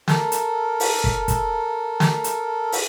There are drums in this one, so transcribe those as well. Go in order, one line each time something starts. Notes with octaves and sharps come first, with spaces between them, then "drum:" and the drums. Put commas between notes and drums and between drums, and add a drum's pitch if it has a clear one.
A4 A#4, drum: snare
drum: hi-hat
drum: open hi-hat
drum: kick
drum: kick, hi-hat
drum: snare
drum: hi-hat
drum: open hi-hat